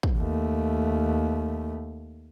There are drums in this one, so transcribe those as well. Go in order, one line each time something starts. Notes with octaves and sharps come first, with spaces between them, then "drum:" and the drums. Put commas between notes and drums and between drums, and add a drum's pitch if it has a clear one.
drum: kick
D#2 A3